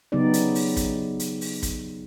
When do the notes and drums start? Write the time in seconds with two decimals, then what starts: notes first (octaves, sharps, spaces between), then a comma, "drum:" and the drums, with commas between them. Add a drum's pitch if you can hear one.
0.12 C#3 F#3 B3 D#4 G4 D5
0.34 drum: hi-hat
0.55 drum: open hi-hat
0.77 drum: kick, hi-hat
1.20 drum: hi-hat
1.41 drum: open hi-hat
1.63 drum: kick, hi-hat